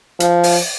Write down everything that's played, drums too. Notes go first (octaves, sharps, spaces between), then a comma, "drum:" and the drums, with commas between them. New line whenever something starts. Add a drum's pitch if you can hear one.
F3, drum: hi-hat
drum: open hi-hat